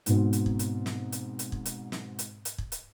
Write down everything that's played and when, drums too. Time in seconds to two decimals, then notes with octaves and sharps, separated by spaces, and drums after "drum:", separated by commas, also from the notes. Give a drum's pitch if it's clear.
0.06 G#2 B2 C4, drum: hi-hat
0.33 drum: hi-hat
0.46 drum: kick
0.59 drum: hi-hat
0.86 drum: snare
1.12 drum: hi-hat
1.39 drum: hi-hat
1.52 drum: kick
1.65 drum: hi-hat
1.92 drum: snare
2.19 drum: hi-hat
2.45 drum: hi-hat
2.58 drum: kick
2.72 drum: hi-hat